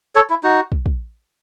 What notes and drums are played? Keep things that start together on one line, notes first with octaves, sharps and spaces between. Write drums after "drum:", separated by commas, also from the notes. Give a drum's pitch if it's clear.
A4 C#5
E4
D#4 F#4
drum: kick
drum: kick